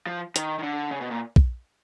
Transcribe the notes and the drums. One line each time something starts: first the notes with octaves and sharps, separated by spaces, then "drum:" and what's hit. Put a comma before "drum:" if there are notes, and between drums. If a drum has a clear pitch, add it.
F3
D#3, drum: hi-hat
D#3
D3
C#3
B2
A#2
drum: kick